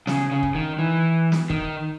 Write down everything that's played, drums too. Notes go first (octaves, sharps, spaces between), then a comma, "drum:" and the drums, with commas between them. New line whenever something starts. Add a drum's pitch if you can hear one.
C#3, drum: snare
C#3
drum: kick
D#3
E3
drum: snare
D#3, drum: kick